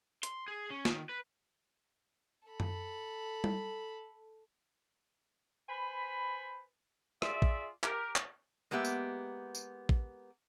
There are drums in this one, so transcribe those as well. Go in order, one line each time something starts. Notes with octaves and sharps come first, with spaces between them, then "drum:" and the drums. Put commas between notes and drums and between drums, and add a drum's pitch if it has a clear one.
C6, drum: hi-hat
G#4
C#4
D#3, drum: snare
B4
A4 B5
drum: tom F#2
drum: tom G3
B4 C5 G#5 B5
F4 G#4 D5 E5, drum: rim click
drum: kick A1
G4 A#4, drum: clap
drum: clap
G#3 A#3 B3 G4 E5
drum: tambourine
drum: tambourine
drum: kick A1